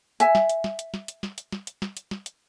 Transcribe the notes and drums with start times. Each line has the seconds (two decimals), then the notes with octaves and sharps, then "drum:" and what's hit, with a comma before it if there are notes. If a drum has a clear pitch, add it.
0.20 E5 G#5, drum: hi-hat
0.35 drum: snare
0.49 drum: hi-hat
0.64 drum: snare
0.79 drum: hi-hat
0.94 drum: snare
1.08 drum: hi-hat
1.23 drum: snare
1.38 drum: hi-hat
1.52 drum: snare
1.67 drum: hi-hat
1.82 drum: snare
1.97 drum: hi-hat
2.11 drum: snare
2.26 drum: hi-hat